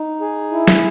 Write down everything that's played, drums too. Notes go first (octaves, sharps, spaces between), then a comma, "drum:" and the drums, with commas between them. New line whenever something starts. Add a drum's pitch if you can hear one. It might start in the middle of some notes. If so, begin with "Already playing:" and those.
Already playing: D#4
G#4
E4
drum: snare